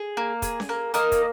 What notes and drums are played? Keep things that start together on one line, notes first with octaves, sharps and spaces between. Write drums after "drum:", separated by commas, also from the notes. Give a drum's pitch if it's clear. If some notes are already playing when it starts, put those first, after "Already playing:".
Already playing: G#4
A#3
G#4, drum: kick, hi-hat
drum: snare C#4
A#3
A#3 A#4 D#5, drum: hi-hat
drum: kick, hi-hat